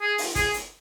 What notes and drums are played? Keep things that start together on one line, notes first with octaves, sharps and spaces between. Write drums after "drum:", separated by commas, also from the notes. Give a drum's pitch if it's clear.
G#4
drum: open hi-hat
G#4, drum: kick, hi-hat
drum: hi-hat